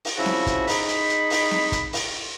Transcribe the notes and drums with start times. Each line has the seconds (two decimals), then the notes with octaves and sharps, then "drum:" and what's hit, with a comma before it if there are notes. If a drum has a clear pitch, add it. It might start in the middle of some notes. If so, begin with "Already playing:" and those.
0.05 drum: open hi-hat
0.16 C#3 F3 C#4 E4 F#4 E5
0.26 drum: snare C4
0.47 drum: kick, hi-hat
0.67 D#4 G#4 B5, drum: open hi-hat
0.88 drum: hi-hat
1.09 drum: hi-hat
1.30 drum: open hi-hat
1.51 drum: snare C4
1.72 drum: kick, hi-hat
1.93 drum: open hi-hat